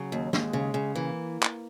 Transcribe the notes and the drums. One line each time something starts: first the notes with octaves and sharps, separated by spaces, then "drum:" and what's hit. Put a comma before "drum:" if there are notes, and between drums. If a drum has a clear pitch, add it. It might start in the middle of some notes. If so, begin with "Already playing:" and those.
Already playing: C#3 F#3
D#2
D#2 G#3, drum: snare
C#3
C#3
E3 A#3
drum: clap